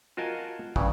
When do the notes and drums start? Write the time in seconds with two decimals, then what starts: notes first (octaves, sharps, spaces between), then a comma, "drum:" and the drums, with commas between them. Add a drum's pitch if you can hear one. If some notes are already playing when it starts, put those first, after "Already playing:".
0.17 F4 F#4 A#4 D#5 G#5 A5
0.76 G2 C#3 E3, drum: kick